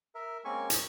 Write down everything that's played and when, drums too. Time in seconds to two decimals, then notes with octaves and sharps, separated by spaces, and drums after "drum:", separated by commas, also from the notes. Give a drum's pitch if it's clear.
0.15 A#4 E5
0.45 G#3 A#3 C4 C#4 G#5 C#6
0.70 drum: hi-hat